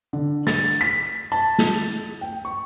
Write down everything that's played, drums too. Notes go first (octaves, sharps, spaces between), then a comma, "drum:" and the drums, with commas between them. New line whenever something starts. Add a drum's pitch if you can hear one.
D3
A6, drum: snare
B6
A5
drum: snare
G5
C#6